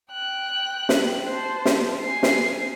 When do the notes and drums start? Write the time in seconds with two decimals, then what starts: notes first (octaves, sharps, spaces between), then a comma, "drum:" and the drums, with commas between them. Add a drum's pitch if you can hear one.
0.12 G5 F#6
0.89 drum: snare
1.26 C5 A5
1.65 drum: snare
2.02 G#5 C7
2.23 drum: snare